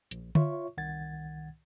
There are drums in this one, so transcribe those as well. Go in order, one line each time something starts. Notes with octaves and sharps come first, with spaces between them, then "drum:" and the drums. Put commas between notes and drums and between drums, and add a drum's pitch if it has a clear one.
A#1, drum: hi-hat
F4 C#5 E5 C#6, drum: tom D3
C2 D#3 F#5 G#6 A6